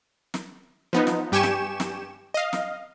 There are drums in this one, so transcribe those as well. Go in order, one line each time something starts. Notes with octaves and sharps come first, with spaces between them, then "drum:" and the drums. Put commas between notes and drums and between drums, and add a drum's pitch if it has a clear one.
drum: snare
F3 B3 D#4
drum: snare
G2 G4 G5 G#5 C#6 E7
drum: snare
drum: snare
D#5 F5
drum: snare